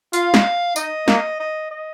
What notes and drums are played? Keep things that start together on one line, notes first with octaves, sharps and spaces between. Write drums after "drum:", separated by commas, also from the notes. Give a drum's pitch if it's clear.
F4 F5, drum: hi-hat
drum: snare
D#4 D#5, drum: tambourine
A#3, drum: snare
D#5
D#5